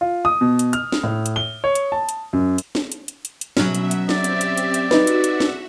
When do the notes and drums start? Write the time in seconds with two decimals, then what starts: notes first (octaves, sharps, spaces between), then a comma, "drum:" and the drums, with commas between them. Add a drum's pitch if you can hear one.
0.01 F4
0.25 D#6
0.41 B2
0.59 drum: hi-hat
0.73 F6, drum: hi-hat
0.92 drum: snare
1.03 A2
1.26 drum: hi-hat
1.36 G7
1.64 C#5
1.75 drum: hi-hat
1.92 A5
2.09 drum: hi-hat
2.33 F#2
2.58 drum: hi-hat
2.75 drum: snare
2.92 drum: hi-hat
3.08 drum: hi-hat
3.25 drum: hi-hat
3.41 drum: hi-hat
3.57 B2 F#3 C#4 E5, drum: snare
3.75 drum: hi-hat
3.91 drum: hi-hat
4.09 C4 G4 D5 E5, drum: snare
4.24 drum: hi-hat
4.41 drum: hi-hat
4.57 drum: hi-hat
4.74 drum: hi-hat
4.91 D#4 F#4 B4 E5, drum: snare
5.07 drum: hi-hat
5.24 drum: hi-hat
5.40 drum: snare